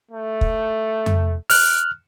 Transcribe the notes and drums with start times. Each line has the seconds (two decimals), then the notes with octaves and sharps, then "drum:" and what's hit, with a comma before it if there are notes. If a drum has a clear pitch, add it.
0.11 A3
0.41 drum: kick
1.06 drum: tom F2
1.50 F6 F#6, drum: open hi-hat